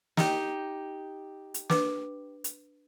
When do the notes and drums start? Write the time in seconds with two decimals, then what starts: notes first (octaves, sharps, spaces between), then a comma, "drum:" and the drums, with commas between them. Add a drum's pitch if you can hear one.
0.17 D#4 G4, drum: snare
1.54 drum: hi-hat
1.70 D4 B4 D6, drum: snare
2.44 drum: hi-hat